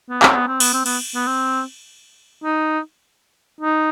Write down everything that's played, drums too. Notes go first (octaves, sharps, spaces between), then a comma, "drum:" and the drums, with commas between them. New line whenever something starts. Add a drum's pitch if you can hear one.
B3
C4, drum: clap
B3
C4
B3, drum: open hi-hat
C4
B3, drum: cymbal
B3
C4
D#4
D#4